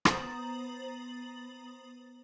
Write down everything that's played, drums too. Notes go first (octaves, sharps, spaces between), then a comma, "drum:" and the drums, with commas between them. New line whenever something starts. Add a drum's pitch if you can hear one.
B3 C5 A#5 D#6 A6 F#7, drum: rim click